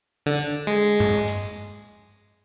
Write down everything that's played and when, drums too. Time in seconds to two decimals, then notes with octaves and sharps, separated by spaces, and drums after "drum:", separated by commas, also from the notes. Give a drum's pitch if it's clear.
0.26 D3
0.47 drum: hi-hat
0.67 G#3
1.00 drum: tom G2
1.28 drum: hi-hat